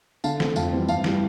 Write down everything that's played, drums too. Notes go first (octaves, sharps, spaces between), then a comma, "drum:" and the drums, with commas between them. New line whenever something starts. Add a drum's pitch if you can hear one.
D3 F5 A5, drum: tambourine
A3 C4, drum: snare
F2 F5 A5, drum: tambourine
E3 G3 C4
G2 F5 A5, drum: tambourine
E3 G3, drum: snare